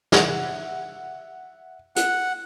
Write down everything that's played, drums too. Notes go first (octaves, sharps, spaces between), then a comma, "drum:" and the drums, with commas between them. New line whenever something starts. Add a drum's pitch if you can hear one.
E5 F#5, drum: snare
F#5, drum: hi-hat